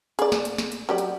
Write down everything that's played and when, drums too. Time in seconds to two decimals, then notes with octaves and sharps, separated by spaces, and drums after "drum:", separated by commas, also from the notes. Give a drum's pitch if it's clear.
0.19 G#4 D5, drum: hi-hat
0.32 drum: snare
0.45 drum: hi-hat
0.58 drum: snare
0.72 drum: hi-hat
0.89 F#3 G4 D5
0.98 drum: hi-hat